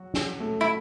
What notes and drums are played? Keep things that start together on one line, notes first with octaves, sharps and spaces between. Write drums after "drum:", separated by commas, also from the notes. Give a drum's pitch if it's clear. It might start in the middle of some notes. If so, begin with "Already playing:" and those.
Already playing: F#3 F#4
C#4, drum: snare
A3
E4